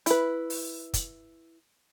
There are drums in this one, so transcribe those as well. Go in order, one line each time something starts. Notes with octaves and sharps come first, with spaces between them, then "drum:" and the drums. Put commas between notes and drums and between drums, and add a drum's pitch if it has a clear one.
E4 B4, drum: hi-hat
drum: open hi-hat
drum: kick, hi-hat